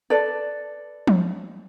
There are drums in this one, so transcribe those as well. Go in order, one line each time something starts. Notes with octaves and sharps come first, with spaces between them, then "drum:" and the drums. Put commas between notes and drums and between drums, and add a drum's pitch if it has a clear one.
A4 B4 D5
drum: tom F3